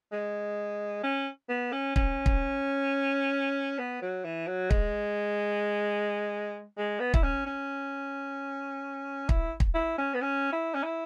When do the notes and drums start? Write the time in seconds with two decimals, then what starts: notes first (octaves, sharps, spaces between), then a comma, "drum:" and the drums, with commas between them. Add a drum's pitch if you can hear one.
0.12 G#3
1.03 C#4
1.49 B3
1.72 C#4
1.96 C#4, drum: kick
2.26 drum: kick
3.78 B3
4.02 F#3
4.25 E3
4.47 F#3
4.71 G#3, drum: kick
6.78 G#3
7.00 B3
7.14 E4, drum: kick
7.23 C#4
7.46 C#4
9.29 E4, drum: kick
9.60 drum: kick
9.75 E4
9.98 C#4
10.14 B3
10.21 C#4
10.53 E4
10.74 C#4
10.83 E4